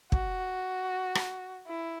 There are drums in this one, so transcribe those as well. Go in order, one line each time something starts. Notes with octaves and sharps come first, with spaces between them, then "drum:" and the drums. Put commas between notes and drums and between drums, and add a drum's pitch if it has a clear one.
F#4, drum: kick
drum: rim click
E4